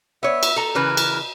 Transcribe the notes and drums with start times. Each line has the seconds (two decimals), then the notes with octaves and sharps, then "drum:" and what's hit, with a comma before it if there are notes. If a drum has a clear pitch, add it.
0.23 B3 C#5 E5
0.43 drum: cymbal
0.56 A4 A#5
0.75 C#3 E3 A#4 B4
0.97 drum: cymbal